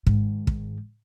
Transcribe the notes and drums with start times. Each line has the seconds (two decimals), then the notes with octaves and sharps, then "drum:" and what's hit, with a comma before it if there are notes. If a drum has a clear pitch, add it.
0.07 G#2 D#3, drum: kick
0.47 drum: kick